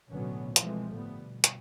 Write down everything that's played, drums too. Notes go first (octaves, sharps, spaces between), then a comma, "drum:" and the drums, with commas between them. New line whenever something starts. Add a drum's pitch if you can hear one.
A1 B2 D3 F#3 B3 C#4
B2 E3 F3 G#3 A3 C4, drum: hi-hat
G1 A2 G3 B3
B2
drum: hi-hat